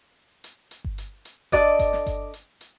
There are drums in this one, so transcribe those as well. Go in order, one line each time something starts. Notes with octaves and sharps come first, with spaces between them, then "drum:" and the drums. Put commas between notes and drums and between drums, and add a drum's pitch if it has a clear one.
drum: hi-hat
drum: hi-hat
drum: kick G1
drum: hi-hat
drum: hi-hat
D4 A4 D5 D#5, drum: kick G1, hi-hat
drum: kick G1, hi-hat
drum: snare
drum: kick G1, hi-hat
drum: hi-hat
drum: hi-hat